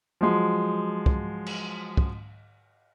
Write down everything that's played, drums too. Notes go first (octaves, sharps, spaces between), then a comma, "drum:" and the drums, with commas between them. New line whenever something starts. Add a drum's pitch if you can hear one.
F3 F#3 G#3
drum: kick
drum: cymbal
drum: kick